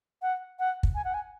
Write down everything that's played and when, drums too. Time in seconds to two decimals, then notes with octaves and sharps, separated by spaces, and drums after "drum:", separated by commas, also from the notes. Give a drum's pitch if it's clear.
0.22 F#5
0.59 F#5
0.83 drum: kick
0.95 G#5
1.04 F#5
1.14 G#5